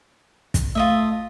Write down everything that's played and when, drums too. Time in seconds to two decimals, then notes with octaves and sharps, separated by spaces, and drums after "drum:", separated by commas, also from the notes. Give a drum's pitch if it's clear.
0.54 drum: kick, hi-hat
0.75 A3 F4 D#5 E5